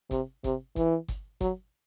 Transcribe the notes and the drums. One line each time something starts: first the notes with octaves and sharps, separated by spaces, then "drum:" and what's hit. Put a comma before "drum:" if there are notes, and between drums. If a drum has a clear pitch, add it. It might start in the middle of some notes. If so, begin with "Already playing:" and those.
C3, drum: kick G1, hi-hat
C3, drum: kick G1, hi-hat
E3, drum: kick G1, hi-hat
drum: kick G1, hi-hat
F#3, drum: kick G1, hi-hat